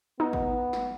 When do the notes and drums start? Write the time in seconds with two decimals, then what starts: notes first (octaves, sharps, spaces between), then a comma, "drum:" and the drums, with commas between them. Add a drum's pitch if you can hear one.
0.20 B3 D#4
0.33 drum: kick G#1
0.73 drum: snare